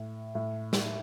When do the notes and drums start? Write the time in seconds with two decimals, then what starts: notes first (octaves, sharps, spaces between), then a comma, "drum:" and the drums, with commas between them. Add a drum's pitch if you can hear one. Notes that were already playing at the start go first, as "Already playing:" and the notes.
Already playing: A2
0.35 A2
0.73 drum: snare